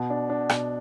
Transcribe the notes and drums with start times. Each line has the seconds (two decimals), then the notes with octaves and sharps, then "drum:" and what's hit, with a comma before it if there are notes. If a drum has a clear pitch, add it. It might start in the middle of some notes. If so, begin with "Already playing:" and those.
Already playing: B2
0.10 D4
0.30 D4
0.49 B2, drum: rim click